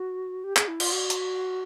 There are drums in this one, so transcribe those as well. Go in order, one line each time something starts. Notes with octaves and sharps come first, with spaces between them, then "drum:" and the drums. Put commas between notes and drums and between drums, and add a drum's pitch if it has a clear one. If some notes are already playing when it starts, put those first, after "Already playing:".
Already playing: F#4
G4
G#4, drum: clap
E4
F4, drum: cymbal
F#4
drum: hi-hat